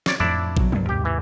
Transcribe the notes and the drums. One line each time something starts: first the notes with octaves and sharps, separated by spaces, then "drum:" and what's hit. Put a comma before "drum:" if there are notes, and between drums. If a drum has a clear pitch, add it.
C#5 D5, drum: snare
F2 A2 F3 D4 E4 D5
B2 F#3, drum: kick A1
C2 G2, drum: tom F3
D#2 G#2 C3 G4
E3